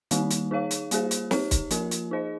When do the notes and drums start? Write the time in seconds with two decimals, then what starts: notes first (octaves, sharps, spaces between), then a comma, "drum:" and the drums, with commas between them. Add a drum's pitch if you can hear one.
0.11 D#3 G3 A#3 D#4, drum: hi-hat
0.31 drum: hi-hat
0.51 D#4 G#4 C#5 F5
0.71 drum: hi-hat
0.91 G3 A#3 F4 G#4 C5, drum: hi-hat
1.11 drum: hi-hat
1.31 D#4 G4 C#5, drum: snare
1.51 drum: kick, hi-hat
1.71 F3 A#3 F4 A#4, drum: hi-hat
1.91 drum: hi-hat
2.11 D#4 G#4 C5 D#5